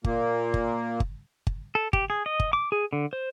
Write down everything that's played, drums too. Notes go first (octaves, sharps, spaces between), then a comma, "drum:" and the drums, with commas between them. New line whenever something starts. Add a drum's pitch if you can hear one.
A#2 A#3, drum: kick G1
drum: kick G1
drum: kick G1
drum: kick G1
A4
G4, drum: kick G1
G#4
D#5
drum: kick G1
D6
G#4
D3
C5